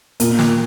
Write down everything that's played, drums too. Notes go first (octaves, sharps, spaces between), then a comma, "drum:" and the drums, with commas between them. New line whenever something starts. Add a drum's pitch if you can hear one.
A#2 A#3, drum: hi-hat
drum: snare